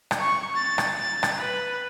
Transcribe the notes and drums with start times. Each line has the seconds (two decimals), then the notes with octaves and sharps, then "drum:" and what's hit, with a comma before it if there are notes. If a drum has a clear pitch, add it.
0.11 drum: rim click
0.21 C#6
0.56 A6
0.78 drum: rim click
0.98 A6
1.23 drum: rim click
1.38 B4